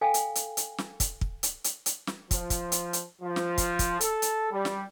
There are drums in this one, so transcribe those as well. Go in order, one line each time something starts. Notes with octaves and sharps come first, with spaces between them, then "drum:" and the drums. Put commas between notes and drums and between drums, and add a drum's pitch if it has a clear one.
A4 F5 G5 G#5
drum: hi-hat
drum: hi-hat
drum: hi-hat
drum: snare
drum: kick, hi-hat
drum: kick
drum: hi-hat
drum: hi-hat
drum: hi-hat
drum: snare
F3, drum: kick, hi-hat
drum: kick, hi-hat
drum: hi-hat
drum: hi-hat
F3
drum: snare
drum: kick, hi-hat
drum: kick, hi-hat
A4, drum: hi-hat
drum: hi-hat
G3
drum: snare